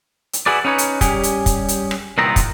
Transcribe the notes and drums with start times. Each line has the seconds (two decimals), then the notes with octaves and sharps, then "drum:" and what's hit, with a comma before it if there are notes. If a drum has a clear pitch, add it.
0.33 drum: hi-hat
0.46 E4 F#4 G#4 B4 D5
0.65 C#4 D#4 B4 C#5
0.78 drum: hi-hat
1.01 G3 C#4 G4 G#4, drum: kick, hi-hat
1.23 drum: hi-hat
1.46 drum: kick, hi-hat
1.68 drum: hi-hat
1.91 drum: rim click
2.18 C2 A#2 D#3 B3 C4 A#5
2.36 drum: kick, hi-hat